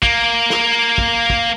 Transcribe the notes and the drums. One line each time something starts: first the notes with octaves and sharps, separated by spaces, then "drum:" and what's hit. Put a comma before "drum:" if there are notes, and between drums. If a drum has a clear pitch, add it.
A#3, drum: kick
drum: snare
drum: kick
drum: kick